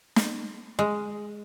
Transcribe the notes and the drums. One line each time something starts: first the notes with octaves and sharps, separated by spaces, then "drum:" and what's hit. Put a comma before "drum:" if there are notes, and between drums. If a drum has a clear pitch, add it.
drum: snare
G#3